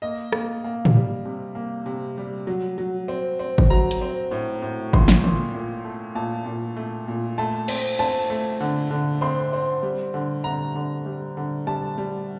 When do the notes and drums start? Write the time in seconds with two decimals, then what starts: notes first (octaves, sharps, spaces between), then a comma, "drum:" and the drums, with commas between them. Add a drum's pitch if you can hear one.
0.02 A#3 D#5
0.33 A#3, drum: rim click
0.64 A#3
0.85 drum: tom
0.95 G3
1.25 C3
1.55 A#3
1.86 C3
2.18 G3
2.47 F#3
2.78 F#3
3.08 C4
3.39 C4
3.58 drum: kick
3.70 F#3 A#5
3.91 drum: hi-hat
4.01 C4
4.31 A2
4.62 A2
4.93 A#2 C6, drum: kick
5.08 drum: snare
5.24 A#2, drum: tom
5.54 A#2
5.85 A3
6.15 A#2 A5
6.46 A#2
6.77 A3
7.08 A#2
7.38 A3 A5
7.68 C4, drum: cymbal
7.99 C4 A5
8.30 A3
8.61 D3
8.91 D3
9.21 C4 C6
9.53 C4
9.83 G3
10.14 D3
10.44 D3 A#5
10.75 D3
11.06 G3
11.37 D3
11.67 G3 A5
11.98 G3